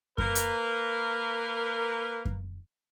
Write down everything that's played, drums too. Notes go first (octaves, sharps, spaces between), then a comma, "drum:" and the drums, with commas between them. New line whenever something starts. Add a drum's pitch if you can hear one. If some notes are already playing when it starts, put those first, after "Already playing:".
A#3 A#4 B4, drum: kick F#2
drum: hi-hat
drum: kick F#2